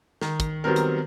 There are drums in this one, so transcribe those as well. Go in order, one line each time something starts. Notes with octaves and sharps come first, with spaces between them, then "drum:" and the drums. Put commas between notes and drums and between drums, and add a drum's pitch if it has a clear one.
D#3, drum: snare
drum: kick, hi-hat
D#3 F#3 G3 B3 C4 A#4
drum: hi-hat